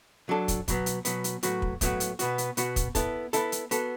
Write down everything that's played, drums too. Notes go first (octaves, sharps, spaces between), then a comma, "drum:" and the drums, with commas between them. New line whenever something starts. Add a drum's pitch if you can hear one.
F#3 D4 A4
drum: kick, hi-hat
B2 F#3 B3, drum: kick, hi-hat
drum: hi-hat
B2 F#3 B3, drum: hi-hat
drum: hi-hat
A2 F#3 B3 F#4, drum: hi-hat
drum: kick
A2 F#3 B3 F#4, drum: kick, hi-hat
drum: hi-hat
B2 B3 F#4, drum: hi-hat
drum: hi-hat
B2 B3 F#4, drum: hi-hat
drum: kick, hi-hat
B3 E4 A4, drum: kick, hi-hat
B3 E4 A4, drum: hi-hat
drum: hi-hat
B3 F#4 A4, drum: hi-hat